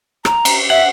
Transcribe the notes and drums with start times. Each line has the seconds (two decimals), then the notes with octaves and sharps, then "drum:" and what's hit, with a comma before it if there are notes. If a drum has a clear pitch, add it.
0.25 A#5, drum: rim click
0.45 drum: cymbal
0.70 E5 F#5